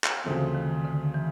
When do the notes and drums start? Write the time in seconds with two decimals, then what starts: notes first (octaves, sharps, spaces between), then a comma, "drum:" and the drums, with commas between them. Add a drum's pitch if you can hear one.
0.04 drum: clap
0.24 D2 C#3 E3 F3 A3 C4
0.55 D#3
0.85 D3
1.14 E3